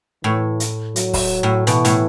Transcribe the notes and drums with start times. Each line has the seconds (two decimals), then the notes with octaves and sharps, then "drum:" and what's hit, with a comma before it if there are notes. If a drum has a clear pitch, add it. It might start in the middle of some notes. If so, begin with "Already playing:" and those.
0.24 A2 E3
0.60 drum: hi-hat
0.96 F#3, drum: hi-hat
1.13 drum: kick, open hi-hat
1.43 A2
1.67 B2 E3, drum: hi-hat
1.85 A2, drum: hi-hat